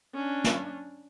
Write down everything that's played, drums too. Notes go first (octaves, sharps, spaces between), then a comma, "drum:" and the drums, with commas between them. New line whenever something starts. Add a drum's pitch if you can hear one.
C#4 D4
drum: snare